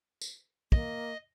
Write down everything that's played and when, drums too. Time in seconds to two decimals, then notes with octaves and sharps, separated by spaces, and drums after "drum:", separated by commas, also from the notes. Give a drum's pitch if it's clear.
0.21 drum: tambourine
0.72 A#3 D#5, drum: kick